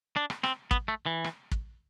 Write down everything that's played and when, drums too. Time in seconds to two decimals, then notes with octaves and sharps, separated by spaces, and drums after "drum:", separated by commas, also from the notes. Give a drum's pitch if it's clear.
0.16 D4
0.30 drum: rim click
0.43 C4, drum: rim click
0.71 B3, drum: kick
0.88 A3
1.06 E3
1.24 drum: rim click
1.51 drum: kick